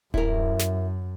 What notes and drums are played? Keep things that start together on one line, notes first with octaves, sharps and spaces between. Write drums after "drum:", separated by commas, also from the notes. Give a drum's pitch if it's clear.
F#2 E4 A#4, drum: kick D1
drum: snare